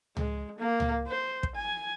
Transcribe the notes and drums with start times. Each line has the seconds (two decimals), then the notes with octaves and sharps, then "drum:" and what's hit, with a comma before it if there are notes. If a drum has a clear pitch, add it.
0.17 G#3, drum: tom C#2
0.58 A#3
0.80 drum: tom C#2
1.06 C5
1.43 drum: kick
1.55 G#5